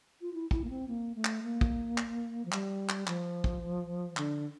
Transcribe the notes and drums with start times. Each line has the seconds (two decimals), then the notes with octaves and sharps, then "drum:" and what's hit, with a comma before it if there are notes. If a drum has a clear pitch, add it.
0.21 F4
0.34 E4
0.51 E4, drum: kick
0.64 A#3
0.70 C4
0.88 A#3
1.16 A3
1.25 drum: clap
1.43 A#3
1.61 drum: kick
1.98 drum: clap
2.45 F3
2.52 G3, drum: clap
2.89 drum: clap
3.07 F3, drum: clap
3.44 drum: kick
4.17 D3, drum: clap